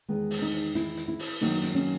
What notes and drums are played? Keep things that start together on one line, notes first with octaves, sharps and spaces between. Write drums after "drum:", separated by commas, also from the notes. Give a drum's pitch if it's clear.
E2 D#3 G#3 B3
drum: open hi-hat
D#4
E4, drum: hi-hat
drum: hi-hat
E4
drum: open hi-hat
F#2 D#3 F#3 A#3 D#4, drum: open hi-hat
D#4, drum: hi-hat
C#4